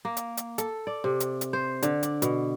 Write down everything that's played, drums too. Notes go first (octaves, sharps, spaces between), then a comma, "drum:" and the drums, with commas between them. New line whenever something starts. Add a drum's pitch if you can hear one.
A#3
drum: hi-hat
drum: hi-hat
A4, drum: hi-hat
D5
C3
drum: hi-hat
drum: hi-hat
C5
D3, drum: hi-hat
D5, drum: hi-hat
B2, drum: hi-hat